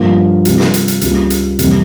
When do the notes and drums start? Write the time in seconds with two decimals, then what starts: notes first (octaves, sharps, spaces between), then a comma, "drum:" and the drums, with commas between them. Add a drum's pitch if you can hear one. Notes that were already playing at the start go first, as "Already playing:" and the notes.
Already playing: G2 F3 A#3 F4
0.45 C3 G3 A#3 F4, drum: hi-hat
0.60 drum: snare
0.74 drum: hi-hat
0.88 drum: hi-hat
1.01 C#2 C#3 G3 A#3 F4, drum: hi-hat
1.30 drum: hi-hat
1.59 F2 C3 E3 G3 A#3, drum: hi-hat